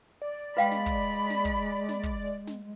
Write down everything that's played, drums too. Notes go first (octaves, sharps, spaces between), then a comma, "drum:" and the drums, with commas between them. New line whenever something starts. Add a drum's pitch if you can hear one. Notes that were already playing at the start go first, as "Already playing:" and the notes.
D5
G#3 B4 F5 G5 B5
drum: snare
drum: kick
drum: snare
drum: kick
drum: snare
drum: kick
drum: snare